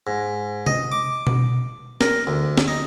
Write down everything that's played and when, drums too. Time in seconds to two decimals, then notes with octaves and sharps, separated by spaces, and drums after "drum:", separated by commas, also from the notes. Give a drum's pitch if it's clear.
0.07 G#2
0.66 D#5, drum: tom C3
0.92 D6
1.27 drum: tom B2
2.01 A#4, drum: snare
2.27 D2
2.58 drum: snare
2.68 D#4